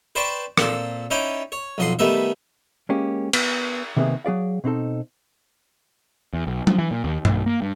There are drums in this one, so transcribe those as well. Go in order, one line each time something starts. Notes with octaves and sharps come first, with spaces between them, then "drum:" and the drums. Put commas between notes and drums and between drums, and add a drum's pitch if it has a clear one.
B4 C5 D5 G5 A5 C#6
A#2 C4 A4, drum: rim click
C#4 D#4 E4 D5 G5
C#5
B1 F2 D#5 F#5 C6
D#3 G3 A3 B3 D#5 E5
G#3 A#3 C#4 G4
B3, drum: cymbal
C3 D#3 A#3 B3 G#4
F#3 G#4 D5 F5
B2 C4 D#4 A4
E2
B1
F3, drum: tom F#3
E3
A#2
D#2
B1, drum: tom G2
A#3
G2